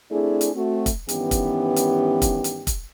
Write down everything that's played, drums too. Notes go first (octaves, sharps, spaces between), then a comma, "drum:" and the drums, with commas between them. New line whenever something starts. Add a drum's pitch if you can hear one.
A3 C4 D4 E4 G#4
drum: hi-hat
A3 C4 F#4
drum: kick, hi-hat
G2 D#3 E3 B3 C#4 G4, drum: hi-hat
drum: kick, hi-hat
drum: hi-hat
drum: kick, hi-hat
drum: hi-hat
drum: kick, hi-hat